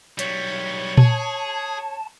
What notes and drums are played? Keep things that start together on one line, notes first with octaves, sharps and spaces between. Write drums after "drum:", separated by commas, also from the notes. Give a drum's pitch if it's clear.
B1 G3 C#5, drum: hi-hat
G#4 A5, drum: tom A#2